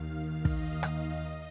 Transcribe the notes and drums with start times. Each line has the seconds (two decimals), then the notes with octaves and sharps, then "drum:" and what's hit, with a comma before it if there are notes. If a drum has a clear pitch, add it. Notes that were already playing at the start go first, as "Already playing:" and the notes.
Already playing: D#2 D#3 F5
0.45 D#5, drum: kick
0.83 drum: rim click
1.20 D#5